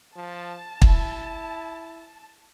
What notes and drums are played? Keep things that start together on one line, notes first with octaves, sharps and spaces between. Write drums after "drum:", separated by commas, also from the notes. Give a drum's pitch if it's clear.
F3 A5
E4, drum: kick